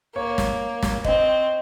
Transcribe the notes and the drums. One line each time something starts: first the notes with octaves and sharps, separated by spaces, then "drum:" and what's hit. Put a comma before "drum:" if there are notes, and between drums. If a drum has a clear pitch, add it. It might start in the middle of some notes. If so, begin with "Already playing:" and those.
A#3 C#5
drum: snare
drum: snare
C4 D#5, drum: kick F1